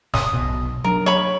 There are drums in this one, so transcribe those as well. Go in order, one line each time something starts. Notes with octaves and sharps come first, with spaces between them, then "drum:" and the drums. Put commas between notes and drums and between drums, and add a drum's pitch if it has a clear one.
D#6, drum: snare
B1 B2
F#3 D4 A#4
C#5 B5